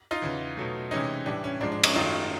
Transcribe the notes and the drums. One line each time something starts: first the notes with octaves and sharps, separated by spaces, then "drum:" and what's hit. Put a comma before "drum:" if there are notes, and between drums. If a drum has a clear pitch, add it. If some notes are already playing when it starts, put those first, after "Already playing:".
D#4 F4
E2 C#3 E3
B2 F#3 A3
C3 E3 G#3 C#4 D#4
A2 E3 G3 D4
C#4
G#2 F3 G#3 D4
D4
C#4 D#4, drum: cymbal
F#2 D#3 F#3 A3 D#4 F4